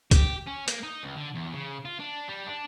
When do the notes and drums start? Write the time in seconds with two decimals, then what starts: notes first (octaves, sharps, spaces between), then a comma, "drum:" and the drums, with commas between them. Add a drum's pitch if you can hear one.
0.11 G4, drum: kick, hi-hat
0.47 C#4
0.68 A#3, drum: hi-hat
0.83 D#4
1.03 C#2
1.16 D3
1.35 E2
1.53 C#3
1.85 F4
2.00 D4
2.29 G3
2.47 D4